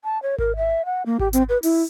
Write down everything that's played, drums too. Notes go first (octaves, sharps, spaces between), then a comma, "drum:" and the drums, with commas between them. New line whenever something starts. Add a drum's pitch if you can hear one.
A5
C#5
A#4, drum: kick G#1
E5
F#5
A#3
G4, drum: kick G#1
C4, drum: hi-hat
B4
E4, drum: open hi-hat